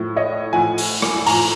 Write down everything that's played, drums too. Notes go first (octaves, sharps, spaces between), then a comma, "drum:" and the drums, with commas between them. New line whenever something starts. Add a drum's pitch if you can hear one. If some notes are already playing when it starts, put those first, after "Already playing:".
Already playing: A2 F3
C#5 D#5
A2 F3 F#5 G#5
drum: open hi-hat
drum: rim click
A2 F3 G#5 A#5, drum: open hi-hat